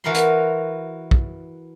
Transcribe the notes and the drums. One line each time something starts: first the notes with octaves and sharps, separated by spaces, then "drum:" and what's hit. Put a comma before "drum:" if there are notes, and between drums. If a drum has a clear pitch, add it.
E3 F#4 A#4 B5 C6
drum: hi-hat
drum: kick